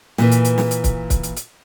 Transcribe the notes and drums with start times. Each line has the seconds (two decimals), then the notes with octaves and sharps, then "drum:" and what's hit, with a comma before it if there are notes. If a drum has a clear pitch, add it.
0.18 A#2 E3, drum: snare
0.31 drum: hi-hat
0.45 drum: hi-hat
0.58 drum: snare
0.71 drum: hi-hat
0.84 drum: kick, hi-hat
1.10 drum: kick, hi-hat
1.23 drum: hi-hat
1.36 drum: hi-hat